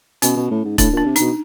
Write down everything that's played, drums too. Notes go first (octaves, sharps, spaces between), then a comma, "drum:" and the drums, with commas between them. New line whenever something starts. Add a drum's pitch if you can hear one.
B2 C#4, drum: hi-hat
B2
A2
G#2
A2 D4, drum: kick C#1, hi-hat
A#2 D4
C3
D#4, drum: hi-hat
B2